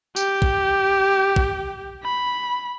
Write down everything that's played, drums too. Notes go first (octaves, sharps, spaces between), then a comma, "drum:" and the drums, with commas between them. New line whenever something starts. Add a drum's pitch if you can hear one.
G4, drum: tambourine
drum: kick
drum: kick
B5